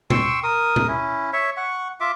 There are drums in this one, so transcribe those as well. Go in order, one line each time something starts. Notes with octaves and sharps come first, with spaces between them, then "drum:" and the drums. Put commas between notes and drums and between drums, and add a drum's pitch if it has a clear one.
G5 C6 C#6 E6, drum: tom B2
A#4 D#6
drum: tom B2
C#4 E4
C#5 E5
F#5 C#6
F4 E5 D6